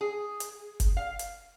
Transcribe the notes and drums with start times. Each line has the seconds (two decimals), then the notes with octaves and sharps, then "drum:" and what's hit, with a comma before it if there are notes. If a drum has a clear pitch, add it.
0.01 G#4
0.40 drum: hi-hat
0.80 drum: kick F#1, hi-hat
0.97 F5
1.19 drum: hi-hat